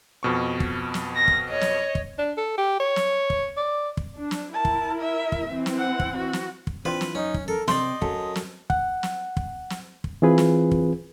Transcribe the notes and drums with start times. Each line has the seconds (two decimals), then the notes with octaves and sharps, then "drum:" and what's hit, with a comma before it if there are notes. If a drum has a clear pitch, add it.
0.23 F2 B2 C#6
0.60 drum: kick
0.94 drum: snare
1.16 A#6
1.28 drum: kick
1.48 C#5 D#5
1.61 drum: snare
1.95 drum: kick
2.18 D4
2.37 A4
2.58 G4
2.80 C#5
2.96 drum: snare
3.30 drum: kick
3.57 D5
3.97 drum: kick
4.16 D4
4.31 drum: snare
4.54 E4 A#4 A5
4.65 drum: kick
5.01 E5
5.32 drum: kick
5.48 E3 C4
5.66 drum: snare
5.78 F#5
6.00 drum: kick
6.17 F#4
6.33 drum: snare
6.67 drum: kick
6.85 E3 C4 D4 F4 B4
7.01 drum: snare
7.15 F#2 C#4 D#4
7.34 drum: kick
7.48 A4 A#4
7.68 C3 D5 D#5 G5 C6, drum: snare
8.02 F#2 A4, drum: kick
8.35 drum: snare
8.70 F#5, drum: kick
9.03 drum: snare
9.37 drum: kick
9.70 drum: snare
10.04 drum: kick
10.22 E3 C4 F4 G#4 B4
10.38 drum: snare
10.71 drum: kick